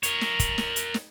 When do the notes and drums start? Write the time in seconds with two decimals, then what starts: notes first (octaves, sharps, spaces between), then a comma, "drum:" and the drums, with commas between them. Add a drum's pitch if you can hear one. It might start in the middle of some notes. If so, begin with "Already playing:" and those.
0.03 A#4 C#5, drum: hi-hat
0.21 drum: snare
0.39 drum: kick, hi-hat
0.58 drum: snare
0.76 drum: hi-hat
0.94 drum: snare